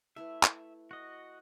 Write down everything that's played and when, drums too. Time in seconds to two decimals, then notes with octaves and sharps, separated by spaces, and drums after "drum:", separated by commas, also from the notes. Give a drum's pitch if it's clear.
0.16 A3 E4 B4 E5
0.43 drum: clap
0.91 F#4 D#5